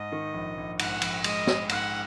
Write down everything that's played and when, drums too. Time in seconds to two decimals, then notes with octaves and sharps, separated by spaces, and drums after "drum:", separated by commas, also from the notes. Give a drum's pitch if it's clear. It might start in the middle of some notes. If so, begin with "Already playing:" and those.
Already playing: G#2 D#5
0.12 D#3
0.34 A#1
0.57 A#1
0.79 G#2 F#5, drum: cymbal
1.02 A#1, drum: cymbal
1.24 G#3 D#5, drum: cymbal
1.47 G#3, drum: snare
1.69 G#2 F#5, drum: cymbal